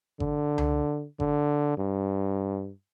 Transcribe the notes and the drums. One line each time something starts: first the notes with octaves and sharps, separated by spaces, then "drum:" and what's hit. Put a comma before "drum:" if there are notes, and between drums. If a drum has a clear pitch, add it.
D3, drum: kick G#1
drum: tom C#2
D3, drum: kick G#1
G2